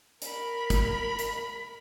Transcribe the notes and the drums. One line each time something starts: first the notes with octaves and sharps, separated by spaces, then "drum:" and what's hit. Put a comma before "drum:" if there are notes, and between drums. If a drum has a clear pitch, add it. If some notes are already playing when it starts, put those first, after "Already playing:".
A#4 B5, drum: hi-hat
drum: kick, hi-hat
drum: hi-hat